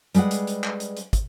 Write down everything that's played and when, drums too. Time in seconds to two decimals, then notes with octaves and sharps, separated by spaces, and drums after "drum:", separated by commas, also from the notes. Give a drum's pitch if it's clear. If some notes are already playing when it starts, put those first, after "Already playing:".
0.15 G3 G#3 G#4 B4 F#5, drum: hi-hat
0.31 drum: hi-hat
0.47 drum: hi-hat
0.64 drum: clap
0.80 drum: hi-hat
0.97 drum: hi-hat
1.13 drum: kick, hi-hat